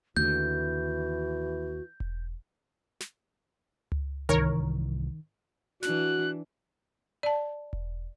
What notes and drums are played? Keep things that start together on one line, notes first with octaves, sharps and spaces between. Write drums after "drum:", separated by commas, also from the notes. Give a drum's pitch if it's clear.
D#2 D3 E3 F#4 G6, drum: tom A3
drum: kick E1
drum: snare
drum: tom C#2
C2 G#2 D#3 E3 A#4 C#5, drum: tom C#2
E3 D4 F#4 F#6, drum: snare
D5 A5
drum: kick E1